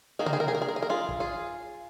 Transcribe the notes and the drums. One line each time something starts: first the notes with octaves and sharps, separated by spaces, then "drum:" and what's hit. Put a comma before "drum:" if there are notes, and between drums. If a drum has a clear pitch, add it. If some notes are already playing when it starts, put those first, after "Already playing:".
D#3 A#3 D#4 G#4
A#4, drum: tom C3
G#4
A#4
G#4
A#4
G#4
A#4
G#4
A#4
F4 G#4
drum: kick
F4 G#4